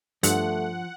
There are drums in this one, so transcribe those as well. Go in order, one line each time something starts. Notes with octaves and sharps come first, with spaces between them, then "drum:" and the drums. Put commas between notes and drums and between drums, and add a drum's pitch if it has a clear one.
G2 F3 A3 F#5, drum: hi-hat